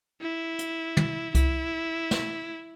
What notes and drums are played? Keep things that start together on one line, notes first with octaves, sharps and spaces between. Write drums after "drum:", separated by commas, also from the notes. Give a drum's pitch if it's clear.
E4
drum: hi-hat
drum: tom
E4, drum: kick C2, hi-hat
drum: snare